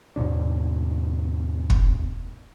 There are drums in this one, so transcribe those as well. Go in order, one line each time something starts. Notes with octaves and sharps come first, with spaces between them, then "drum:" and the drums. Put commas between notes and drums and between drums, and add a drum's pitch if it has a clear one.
D#2 G#2 B2 D4
drum: kick